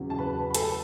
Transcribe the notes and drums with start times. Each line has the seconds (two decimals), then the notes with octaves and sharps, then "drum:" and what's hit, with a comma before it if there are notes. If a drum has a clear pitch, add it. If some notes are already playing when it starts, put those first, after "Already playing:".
Already playing: E2 C#3 F#3
0.10 A5
0.19 B4 B5
0.51 B5
0.55 A4 A5, drum: hi-hat